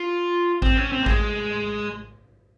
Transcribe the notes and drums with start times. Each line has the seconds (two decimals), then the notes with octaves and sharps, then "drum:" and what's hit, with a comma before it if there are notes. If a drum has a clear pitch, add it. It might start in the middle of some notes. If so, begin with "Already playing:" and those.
Already playing: F4
0.62 C4, drum: kick A1
0.77 C#4
0.92 C4
1.03 A#3
1.06 G#3, drum: kick A1